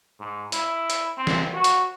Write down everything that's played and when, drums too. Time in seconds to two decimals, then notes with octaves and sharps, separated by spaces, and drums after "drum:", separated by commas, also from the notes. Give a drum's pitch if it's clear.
0.20 G#2
0.52 E4, drum: hi-hat
0.90 drum: hi-hat
1.17 C4
1.27 drum: snare
1.54 F#4
1.64 drum: hi-hat